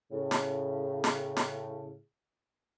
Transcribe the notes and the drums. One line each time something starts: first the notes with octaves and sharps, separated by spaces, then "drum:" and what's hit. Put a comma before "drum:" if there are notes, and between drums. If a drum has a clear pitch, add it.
A2 C#3
drum: snare
drum: snare
drum: snare